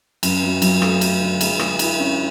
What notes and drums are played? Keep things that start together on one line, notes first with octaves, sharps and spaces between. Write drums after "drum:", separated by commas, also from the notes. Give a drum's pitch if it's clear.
F#2, drum: cymbal
F#3
F#3, drum: cymbal
A3, drum: rim click
A3, drum: cymbal
D3
G#3, drum: cymbal
G#3, drum: rim click
E4, drum: cymbal
C#4